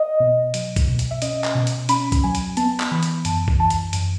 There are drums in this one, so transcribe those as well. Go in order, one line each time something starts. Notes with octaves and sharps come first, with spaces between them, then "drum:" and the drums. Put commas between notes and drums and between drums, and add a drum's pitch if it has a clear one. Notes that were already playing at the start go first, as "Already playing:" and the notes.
Already playing: D#5
B2
F#3, drum: hi-hat
drum: kick B1, hi-hat
B2
drum: hi-hat
E5
C#4 D#5, drum: hi-hat
drum: clap
B2
drum: hi-hat
C#4 B5, drum: hi-hat
drum: kick B1, hi-hat
F#3 G#5
drum: hi-hat
B3 A5, drum: hi-hat
drum: clap
E3 B5
drum: hi-hat
F#2 A5, drum: hi-hat
drum: kick B1
E3 A5
drum: hi-hat
F#2, drum: hi-hat